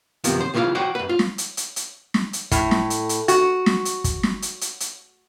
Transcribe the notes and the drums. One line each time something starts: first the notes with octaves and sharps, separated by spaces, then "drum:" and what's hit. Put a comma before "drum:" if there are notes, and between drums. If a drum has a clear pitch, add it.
F#2 C3 D#3 F3 B3, drum: hi-hat
C5
B1 C#3 E3 A3 F4 F5
F#4 C5 D5 F#5 G5
F#2 B4
F4
drum: snare
drum: hi-hat
drum: hi-hat
drum: hi-hat
drum: snare
drum: hi-hat
A2, drum: kick, hi-hat
drum: snare
drum: hi-hat
drum: hi-hat
F#4, drum: hi-hat
drum: snare
drum: hi-hat
drum: kick, hi-hat
drum: snare
drum: hi-hat
drum: hi-hat
drum: hi-hat